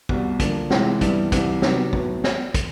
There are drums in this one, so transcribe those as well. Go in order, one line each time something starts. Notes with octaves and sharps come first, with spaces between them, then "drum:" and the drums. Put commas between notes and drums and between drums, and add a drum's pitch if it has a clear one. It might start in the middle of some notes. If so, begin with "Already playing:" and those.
C2 B2 G3, drum: kick
D3 F3 A#3 D4, drum: kick, hi-hat
C#2 C3 E3 G#3 C4, drum: snare
G2 E3 G3 B3, drum: kick, hi-hat
C2 C3 E3 G3, drum: kick, hi-hat
C3 D#3 F#3 B3, drum: snare
A2 F#3 B3, drum: kick
drum: snare
drum: kick, hi-hat